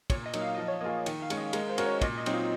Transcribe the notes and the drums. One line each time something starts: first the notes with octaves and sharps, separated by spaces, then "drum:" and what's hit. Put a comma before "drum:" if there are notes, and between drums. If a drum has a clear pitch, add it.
A#2 C#5, drum: kick, cymbal
D#5
F#3 A#3 D#4, drum: cymbal
F5
F3 D#5
C#5
A#3 F4 G#4 D#5
D#3, drum: cymbal
F5
G#3 C#4, drum: cymbal
D#5
G#3 A#4, drum: cymbal
C5
C#4 F#4 A#4, drum: cymbal
C#5
A#2 D#5, drum: kick, cymbal
D#5
F#3 C4 D#4, drum: cymbal
F4